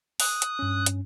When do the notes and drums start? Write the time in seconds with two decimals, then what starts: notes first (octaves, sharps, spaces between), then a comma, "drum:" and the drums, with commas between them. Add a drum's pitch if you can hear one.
0.20 D#6 F#6, drum: open hi-hat
0.42 drum: hi-hat
0.59 G2 C#4
0.86 drum: hi-hat